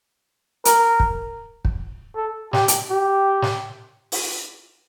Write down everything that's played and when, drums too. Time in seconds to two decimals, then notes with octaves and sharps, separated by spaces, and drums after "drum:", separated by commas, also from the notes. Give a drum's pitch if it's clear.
0.65 A#4, drum: hi-hat
1.00 drum: kick
1.65 drum: kick
2.15 A4
2.53 G4, drum: snare
2.68 drum: hi-hat
2.90 G4
3.42 drum: snare
4.12 drum: open hi-hat